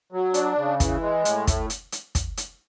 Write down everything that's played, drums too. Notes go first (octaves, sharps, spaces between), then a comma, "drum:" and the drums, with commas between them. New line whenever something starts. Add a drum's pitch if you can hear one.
F#3
D4, drum: hi-hat
C#3
E3, drum: kick, hi-hat
G#3
A2, drum: hi-hat
A3, drum: kick, hi-hat
drum: hi-hat
drum: hi-hat
drum: kick, hi-hat
drum: hi-hat